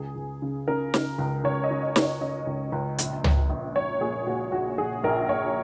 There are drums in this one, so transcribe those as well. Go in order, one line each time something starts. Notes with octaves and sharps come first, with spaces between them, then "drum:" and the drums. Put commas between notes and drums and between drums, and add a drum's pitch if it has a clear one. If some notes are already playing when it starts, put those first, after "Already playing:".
Already playing: C#2 G#4
C#2
C#3
C#3 A#4
C#3, drum: snare
C#2
C#2 C#5
D#5
C#3
D#5
C#3, drum: snare
C#5
C#3 D#5
C#2
C#2
A#1, drum: hi-hat
A#1, drum: tom C#2
A#1
A#1 C#5
A#2 G#4
A#2 F#4
A#1 F#4
A#1 G#4
A#1 A#4
A#1 C#5